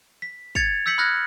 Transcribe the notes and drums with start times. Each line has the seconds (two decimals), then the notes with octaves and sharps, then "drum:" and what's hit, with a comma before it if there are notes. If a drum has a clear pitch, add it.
0.22 B6
0.55 G#6 A6 C#7 F7, drum: kick
0.86 E6 G6 B6 C#7 F#7
0.98 B5 D#6 F6 F#6 G#6 A#6